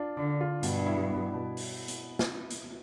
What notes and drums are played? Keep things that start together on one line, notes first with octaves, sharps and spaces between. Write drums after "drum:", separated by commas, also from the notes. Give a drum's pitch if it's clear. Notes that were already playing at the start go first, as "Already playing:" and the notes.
Already playing: D4 F4
D3 D4
F4
G2 B2, drum: hi-hat
E4
B3
B2
drum: open hi-hat
drum: hi-hat
drum: snare
drum: hi-hat